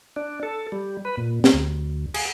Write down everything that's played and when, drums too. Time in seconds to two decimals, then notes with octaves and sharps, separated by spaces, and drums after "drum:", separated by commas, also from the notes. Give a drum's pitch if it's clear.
0.16 D4
0.43 A4
0.72 G3
1.05 B4
1.17 A#2
1.44 drum: snare
1.54 D2
2.14 G#4, drum: cymbal